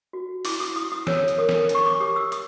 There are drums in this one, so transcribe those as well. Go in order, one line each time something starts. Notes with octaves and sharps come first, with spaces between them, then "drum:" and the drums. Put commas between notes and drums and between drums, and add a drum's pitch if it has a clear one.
F#4
E4 D6, drum: open hi-hat
D#6
E4 D#6
D#6
C#5 E6, drum: snare
drum: hi-hat
A#4 D#6
drum: snare
D4, drum: hi-hat
C#6
D6
G4 D#6
E6
D#6, drum: hi-hat